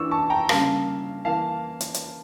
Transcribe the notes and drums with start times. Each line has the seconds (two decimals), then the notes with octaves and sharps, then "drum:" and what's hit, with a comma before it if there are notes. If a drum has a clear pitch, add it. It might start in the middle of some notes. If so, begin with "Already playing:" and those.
Already playing: E3 A#3 D4 C#6 E6
0.11 A5 C#6
0.30 G5 A#5
0.49 C#3 G3 A#3 F5 A5, drum: rim click
1.25 E3 A#3 F5 A5
1.81 drum: hi-hat
1.94 drum: hi-hat